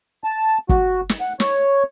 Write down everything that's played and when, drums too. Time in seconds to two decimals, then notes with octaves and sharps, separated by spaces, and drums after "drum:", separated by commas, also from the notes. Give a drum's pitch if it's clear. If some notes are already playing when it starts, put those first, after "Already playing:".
0.24 A5
0.69 F#4, drum: kick
1.09 drum: snare
1.20 F#5
1.40 C#5, drum: snare